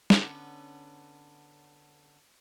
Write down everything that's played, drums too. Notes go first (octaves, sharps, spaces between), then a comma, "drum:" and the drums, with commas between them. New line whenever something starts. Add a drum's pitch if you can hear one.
D3 B3 C#4, drum: snare